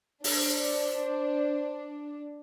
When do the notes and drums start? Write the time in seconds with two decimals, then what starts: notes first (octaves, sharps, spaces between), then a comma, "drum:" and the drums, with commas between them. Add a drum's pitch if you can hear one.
0.24 D4 C5, drum: open hi-hat